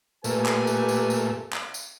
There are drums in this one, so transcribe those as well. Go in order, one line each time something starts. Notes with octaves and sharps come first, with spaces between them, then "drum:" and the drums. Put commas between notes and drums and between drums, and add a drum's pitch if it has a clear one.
A#2 A3 G4 B4 G#5, drum: tambourine
drum: clap
drum: tambourine
drum: tambourine
drum: tambourine
drum: clap
drum: tambourine